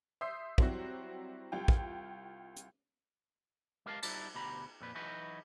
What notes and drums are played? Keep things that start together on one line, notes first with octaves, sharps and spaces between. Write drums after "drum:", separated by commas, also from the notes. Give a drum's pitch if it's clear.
E5 C6 D#6 G6 C7
F#3 G3 C4 E4 F#4, drum: kick
C2 F4 G5
drum: kick
drum: hi-hat
G#3 G4 A#4 F5 G5 A5
G3 D#4 E4 G4 A4, drum: cymbal
D2 B2 G4 A#5 B5
F2 A#2 B4
E3 F#3 D#4 F#4 B4